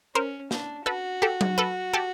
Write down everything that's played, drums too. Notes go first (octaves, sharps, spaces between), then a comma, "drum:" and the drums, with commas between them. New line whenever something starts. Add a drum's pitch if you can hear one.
C#4 A#4 C5
D4, drum: snare
F#4 A4 B4
G4 A4
drum: tom F#3
A4 B4
G4 A4